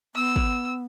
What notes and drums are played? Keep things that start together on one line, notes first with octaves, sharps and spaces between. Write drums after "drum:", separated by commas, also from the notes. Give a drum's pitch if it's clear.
B3 E6
drum: kick